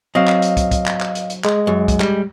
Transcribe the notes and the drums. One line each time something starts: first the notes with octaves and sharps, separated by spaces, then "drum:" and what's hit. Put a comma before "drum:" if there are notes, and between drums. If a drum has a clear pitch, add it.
F#3 C4 D#5 F5
drum: clap
drum: hi-hat
drum: kick, hi-hat
drum: kick, hi-hat
drum: clap
drum: clap
drum: hi-hat
drum: hi-hat
G#3, drum: clap
F#2
drum: kick, hi-hat
G3, drum: clap